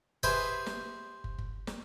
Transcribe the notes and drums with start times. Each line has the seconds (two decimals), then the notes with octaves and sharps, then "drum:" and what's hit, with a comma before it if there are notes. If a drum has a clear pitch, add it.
0.23 G4 G#4 B4 C5 E5, drum: kick
0.66 drum: snare
1.24 drum: kick
1.38 drum: kick
1.67 drum: snare